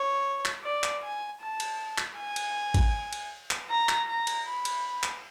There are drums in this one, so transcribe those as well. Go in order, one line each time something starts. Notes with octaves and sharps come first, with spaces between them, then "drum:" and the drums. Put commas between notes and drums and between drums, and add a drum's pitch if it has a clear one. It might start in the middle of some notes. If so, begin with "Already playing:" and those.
Already playing: C#5
drum: clap
D5
drum: clap
G#5
A5
drum: cymbal
drum: clap
G#5
drum: cymbal
drum: kick A1, cymbal
drum: cymbal
drum: clap
A#5
drum: clap
A#5
drum: cymbal
B5
drum: cymbal
drum: clap